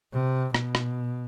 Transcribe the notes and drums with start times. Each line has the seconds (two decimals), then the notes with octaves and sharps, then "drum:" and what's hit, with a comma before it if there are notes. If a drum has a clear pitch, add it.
0.13 C3
0.55 B2, drum: rim click
0.75 drum: rim click